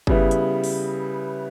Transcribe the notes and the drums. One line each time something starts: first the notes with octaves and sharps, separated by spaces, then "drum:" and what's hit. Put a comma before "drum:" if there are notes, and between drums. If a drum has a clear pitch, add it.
C#3 G3 B3 E4, drum: kick G1
drum: hi-hat
drum: open hi-hat